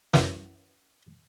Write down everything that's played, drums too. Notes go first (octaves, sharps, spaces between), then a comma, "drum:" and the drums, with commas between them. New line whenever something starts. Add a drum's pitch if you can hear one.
F#2 E3, drum: snare